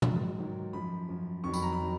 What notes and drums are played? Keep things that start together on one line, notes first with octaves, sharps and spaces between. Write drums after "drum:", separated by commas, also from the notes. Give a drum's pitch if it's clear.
G#2 D#3 F#3, drum: tom
G#2 D#3 F#3
F#2 F3 B5
F#2 F3
F2 D#3 F#3 C#6
B5, drum: tambourine
A#5
B5
D#3 F#3